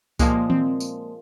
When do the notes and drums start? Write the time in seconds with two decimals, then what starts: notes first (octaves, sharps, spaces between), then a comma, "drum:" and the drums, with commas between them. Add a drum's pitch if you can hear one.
0.19 A#2 F3 G#3 A#3, drum: kick C2, tambourine
0.50 C4, drum: tom D#3
0.80 drum: tambourine